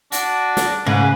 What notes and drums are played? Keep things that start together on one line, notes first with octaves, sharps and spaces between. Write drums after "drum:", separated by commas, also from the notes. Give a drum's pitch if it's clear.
D4 F#4, drum: hi-hat
drum: snare
G#2 C#3 A#4 B4 G#5